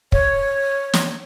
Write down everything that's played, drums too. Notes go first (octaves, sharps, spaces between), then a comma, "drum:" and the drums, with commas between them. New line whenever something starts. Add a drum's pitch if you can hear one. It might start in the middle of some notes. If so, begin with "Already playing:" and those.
C#5, drum: kick
drum: snare